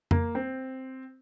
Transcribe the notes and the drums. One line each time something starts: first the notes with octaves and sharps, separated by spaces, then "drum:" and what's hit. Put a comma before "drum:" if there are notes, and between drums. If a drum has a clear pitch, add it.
A#3, drum: tom F2
C4